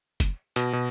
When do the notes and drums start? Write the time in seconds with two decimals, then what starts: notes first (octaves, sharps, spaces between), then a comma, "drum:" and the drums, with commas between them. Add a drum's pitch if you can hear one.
0.20 drum: kick, hi-hat
0.56 B2, drum: hi-hat
0.73 B2